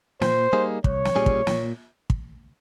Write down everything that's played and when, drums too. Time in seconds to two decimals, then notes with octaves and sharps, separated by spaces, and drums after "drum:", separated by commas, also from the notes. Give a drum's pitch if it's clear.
0.22 A#2 C5, drum: snare
0.53 G3 A#3 D#4 G#4
0.84 C2 C#5, drum: kick
1.05 drum: snare
1.15 A#2 G3 C#4 G#4
1.26 drum: kick
1.47 A#2, drum: snare
2.10 drum: kick